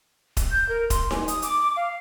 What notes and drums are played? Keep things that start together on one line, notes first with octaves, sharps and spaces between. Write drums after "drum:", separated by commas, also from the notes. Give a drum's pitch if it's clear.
drum: kick D#1, hi-hat
G6
A#4
C6, drum: kick D#1, hi-hat
G#5, drum: snare D#4
D#6, drum: hi-hat
D6, drum: hi-hat
F5